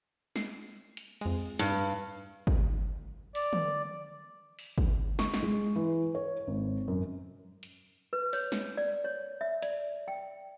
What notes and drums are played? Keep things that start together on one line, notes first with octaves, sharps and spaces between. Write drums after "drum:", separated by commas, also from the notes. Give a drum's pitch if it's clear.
C7, drum: snare
drum: hi-hat
F2 G#3, drum: cymbal
G2, drum: tambourine
drum: kick
D5, drum: open hi-hat
drum: tom
drum: open hi-hat
drum: kick
C#6, drum: snare
drum: snare
G#3
E3
C#5
G#1
F#2
drum: hi-hat
B4
C#5, drum: open hi-hat
drum: snare
D5
C#5
E5
D5, drum: hi-hat
G5